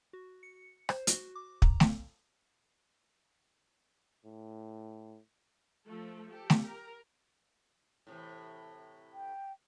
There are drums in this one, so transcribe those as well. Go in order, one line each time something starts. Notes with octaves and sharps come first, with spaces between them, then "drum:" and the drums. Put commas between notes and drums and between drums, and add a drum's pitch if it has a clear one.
F#4
C#7
C5, drum: rim click
F#4, drum: hi-hat
D6
A#5, drum: kick
drum: snare A3
A2
F3 A3 A4
G4 A4
drum: snare A3
A#4
A2 C3 E3
G5